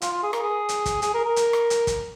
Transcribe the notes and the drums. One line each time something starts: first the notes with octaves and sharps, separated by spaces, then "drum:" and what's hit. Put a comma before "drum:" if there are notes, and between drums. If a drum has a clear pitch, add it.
F4, drum: hi-hat
F4
G#4
A#4, drum: rim click
G#4
drum: hi-hat
drum: kick, hi-hat
G#4, drum: hi-hat
A#4
A#4
drum: hi-hat
drum: rim click
drum: hi-hat
drum: kick, hi-hat